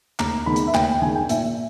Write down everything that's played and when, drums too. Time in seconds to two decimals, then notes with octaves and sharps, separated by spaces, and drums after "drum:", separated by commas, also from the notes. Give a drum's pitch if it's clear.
0.19 D#2 A#5, drum: clap
0.46 D#3 G#3 B3 D#4 B5
0.56 drum: hi-hat
0.67 E5
0.74 D#2 G5, drum: clap
1.02 D#3 G#3 B3 D#4 G#5
1.16 G5
1.29 A#2 E5, drum: hi-hat